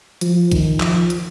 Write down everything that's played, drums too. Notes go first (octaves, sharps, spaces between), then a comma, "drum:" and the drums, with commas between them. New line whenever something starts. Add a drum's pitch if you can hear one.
F3, drum: hi-hat
D#3, drum: kick, hi-hat
F3, drum: clap
drum: hi-hat